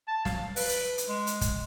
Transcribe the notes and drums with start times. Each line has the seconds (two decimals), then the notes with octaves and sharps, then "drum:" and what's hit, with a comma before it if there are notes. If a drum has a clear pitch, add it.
0.08 A5
0.25 F5, drum: snare
0.56 B4, drum: open hi-hat
0.69 drum: hi-hat
0.98 drum: hi-hat
1.08 G#3
1.27 drum: hi-hat
1.41 drum: kick, hi-hat